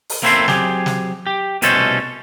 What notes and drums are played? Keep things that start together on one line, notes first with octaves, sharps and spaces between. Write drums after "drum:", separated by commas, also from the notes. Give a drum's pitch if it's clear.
drum: open hi-hat
A#3 C4 E4 A4 C6
F#3 C4 G4 G#4, drum: snare
drum: snare
G4
C2 B2 A3 C#4 A4 C5, drum: hi-hat